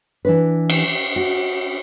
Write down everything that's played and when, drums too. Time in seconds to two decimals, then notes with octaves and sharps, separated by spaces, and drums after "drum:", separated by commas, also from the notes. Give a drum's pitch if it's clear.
0.25 E3 D4 B4
0.70 drum: cymbal
1.16 F#4